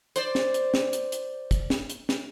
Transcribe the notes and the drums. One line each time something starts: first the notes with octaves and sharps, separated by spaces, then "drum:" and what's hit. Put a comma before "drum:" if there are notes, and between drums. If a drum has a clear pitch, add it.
C5 D5, drum: hi-hat
drum: snare
drum: hi-hat
drum: snare
drum: hi-hat
drum: hi-hat
drum: kick, hi-hat
drum: snare
drum: hi-hat
drum: snare